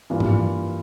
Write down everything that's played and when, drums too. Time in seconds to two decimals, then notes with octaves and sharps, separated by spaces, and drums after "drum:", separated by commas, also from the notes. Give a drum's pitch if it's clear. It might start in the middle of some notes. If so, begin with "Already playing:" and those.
0.10 G2 E3 A#3 F4
0.20 drum: tom G#2